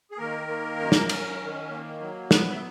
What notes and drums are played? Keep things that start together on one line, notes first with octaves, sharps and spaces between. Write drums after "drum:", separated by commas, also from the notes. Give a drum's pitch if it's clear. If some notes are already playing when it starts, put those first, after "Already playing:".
G#4
D#3 A#3 A#4
A#3
F#2
drum: snare
C#4, drum: cymbal
D#3
A#3
F#3
B3 B4, drum: snare
E5